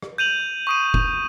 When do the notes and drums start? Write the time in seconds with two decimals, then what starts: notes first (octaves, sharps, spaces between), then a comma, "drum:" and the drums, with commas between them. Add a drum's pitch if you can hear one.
0.02 drum: rim click
0.18 G6 D#7 F7 F#7
0.67 C#6 D#6 D#7
0.94 drum: kick F1